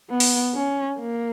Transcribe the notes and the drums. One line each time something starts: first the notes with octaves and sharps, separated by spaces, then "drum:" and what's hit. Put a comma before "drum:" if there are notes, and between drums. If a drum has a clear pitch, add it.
B3
drum: open hi-hat
C#4
A#3